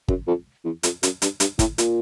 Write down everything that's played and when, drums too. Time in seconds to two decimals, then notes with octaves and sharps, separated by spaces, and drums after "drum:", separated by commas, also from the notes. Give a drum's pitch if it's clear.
0.08 F#2, drum: kick
0.27 F2
0.65 E2
0.83 F2, drum: hi-hat
1.03 F#2, drum: hi-hat
1.22 G2, drum: hi-hat
1.40 G2, drum: hi-hat
1.59 A2, drum: kick, hi-hat
1.78 A#2, drum: hi-hat